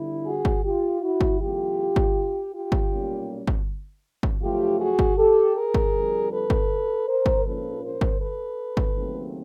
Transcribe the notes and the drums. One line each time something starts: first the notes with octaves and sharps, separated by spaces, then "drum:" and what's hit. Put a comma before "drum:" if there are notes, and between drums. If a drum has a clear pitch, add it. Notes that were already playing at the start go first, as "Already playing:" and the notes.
Already playing: G1 G2 D3 E4
F#4 G#4
drum: kick G1
F4 G4
E4 F#4
drum: kick G1
E2 C#3 F#3 A3 F4 G4
drum: kick G1
F4 G4
drum: kick G1
B1 A#2 G3 A#3 C#4
drum: kick G1
drum: kick G1
F#2 C#3 F3 A3 F4 G4
F#4 G#4
drum: kick G1
G4 A4
G#4 A#4
drum: kick G1
F2 D3 G3
A4 B4
drum: kick G1
A#4 C5
drum: kick G1
A#1 G#2 F3 A#3 C#4 A4 B4
A#4 C5
drum: kick G1
A4 B4
drum: kick G1
D#2 C#3 F#3 A3 C4